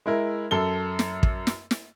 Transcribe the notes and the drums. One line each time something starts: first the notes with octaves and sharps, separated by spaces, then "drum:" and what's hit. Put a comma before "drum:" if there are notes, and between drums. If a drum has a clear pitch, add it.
G#3 E4 A#4
F#2 A4 G7
drum: snare
drum: kick
drum: snare
drum: snare